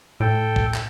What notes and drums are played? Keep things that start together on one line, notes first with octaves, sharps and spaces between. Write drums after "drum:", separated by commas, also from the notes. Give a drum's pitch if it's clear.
A2 A4 G5
drum: kick
drum: clap